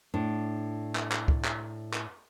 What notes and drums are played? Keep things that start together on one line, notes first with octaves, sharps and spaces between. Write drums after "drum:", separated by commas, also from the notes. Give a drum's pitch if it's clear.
A2 D4
drum: clap
drum: clap
drum: kick C#2
drum: clap
drum: clap